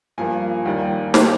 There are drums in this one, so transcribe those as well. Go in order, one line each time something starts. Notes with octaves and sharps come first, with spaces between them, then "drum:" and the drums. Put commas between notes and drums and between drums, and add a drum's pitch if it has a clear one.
G2 F3 A#3 G#5
D#2 D#3 G3 A#3
D#3 G3 A#3 F5, drum: snare